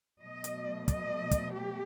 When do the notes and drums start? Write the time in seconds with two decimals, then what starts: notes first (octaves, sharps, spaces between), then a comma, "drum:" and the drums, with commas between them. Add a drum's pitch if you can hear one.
0.22 B2 F#3 A3 D#5
0.44 drum: hi-hat
0.88 D#5, drum: kick, hi-hat
1.31 drum: kick, hi-hat
1.53 G4